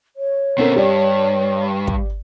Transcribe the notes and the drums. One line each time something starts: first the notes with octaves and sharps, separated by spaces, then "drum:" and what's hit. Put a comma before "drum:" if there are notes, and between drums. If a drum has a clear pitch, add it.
C#5
B2 A3 C4 C#4 A#4
G2 G4 D5
drum: kick